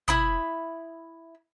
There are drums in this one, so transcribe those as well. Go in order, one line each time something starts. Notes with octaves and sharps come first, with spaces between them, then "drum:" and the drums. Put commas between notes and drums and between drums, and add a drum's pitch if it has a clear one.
E4 B5 D#6, drum: tom